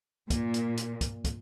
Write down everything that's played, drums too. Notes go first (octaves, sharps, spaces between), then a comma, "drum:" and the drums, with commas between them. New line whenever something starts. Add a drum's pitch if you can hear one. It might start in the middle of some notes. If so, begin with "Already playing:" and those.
A#2, drum: kick, hi-hat
drum: hi-hat
drum: hi-hat
drum: kick, hi-hat
drum: kick, hi-hat